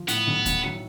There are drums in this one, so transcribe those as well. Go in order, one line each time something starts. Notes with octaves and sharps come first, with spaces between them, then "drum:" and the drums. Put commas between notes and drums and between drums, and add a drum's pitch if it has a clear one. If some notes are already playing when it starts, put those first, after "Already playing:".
Already playing: F3
A2 B3, drum: hi-hat
B1
B1, drum: kick, hi-hat
F#3